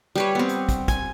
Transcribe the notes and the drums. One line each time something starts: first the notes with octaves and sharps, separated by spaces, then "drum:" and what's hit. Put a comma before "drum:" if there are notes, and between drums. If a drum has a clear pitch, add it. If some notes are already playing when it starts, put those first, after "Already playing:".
G3 B4 C#5
B3 C4
drum: hi-hat
drum: kick, hi-hat
G#5, drum: kick, hi-hat